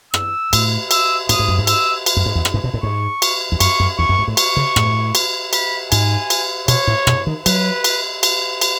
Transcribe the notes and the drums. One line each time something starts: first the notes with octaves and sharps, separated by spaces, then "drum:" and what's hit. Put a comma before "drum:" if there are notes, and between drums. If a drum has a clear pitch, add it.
E6, drum: rim click
A2, drum: cymbal
E6, drum: cymbal
A2 D#6, drum: cymbal
G#2
F#2
G#2
E6, drum: cymbal
drum: cymbal
F#2
G#2
E2
drum: rim click
G#2
B2
A2
G#2 C#6
drum: cymbal
E2
F#2 C#6, drum: cymbal
F#2
E2 C#6
F#2
G#2
A2
C#6, drum: cymbal
C#3
A2, drum: rim click
drum: cymbal
B5, drum: cymbal
G#2 G#5, drum: cymbal
drum: cymbal
B2 C#5, drum: cymbal
A2
B2, drum: rim click
D#3
F#3 B4, drum: cymbal
drum: cymbal
drum: cymbal
drum: cymbal